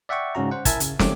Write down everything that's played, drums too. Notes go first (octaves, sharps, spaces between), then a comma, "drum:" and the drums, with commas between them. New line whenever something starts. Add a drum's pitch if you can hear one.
D5 E5 F#5 G5 C#6
G#2 C#3 C#4 F#4 A#5
C5 F#5
E4 A#4 E5 G#5 A5 G#6, drum: kick, hi-hat
C#3, drum: hi-hat
D#3 G3 A3 C4 C#4 D6, drum: snare